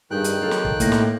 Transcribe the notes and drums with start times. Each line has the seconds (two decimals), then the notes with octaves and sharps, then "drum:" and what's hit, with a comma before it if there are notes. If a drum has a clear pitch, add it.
0.11 G2 D#3 D#4 G#4 G5 F#6
0.24 drum: hi-hat
0.42 F#3 A4 F5
0.51 drum: snare
0.65 drum: kick
0.80 A2 A#3 E4 A#6, drum: kick, hi-hat
0.92 drum: snare